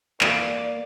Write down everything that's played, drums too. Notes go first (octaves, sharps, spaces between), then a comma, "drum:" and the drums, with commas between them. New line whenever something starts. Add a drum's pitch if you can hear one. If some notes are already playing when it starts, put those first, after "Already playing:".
A#3 D5, drum: clap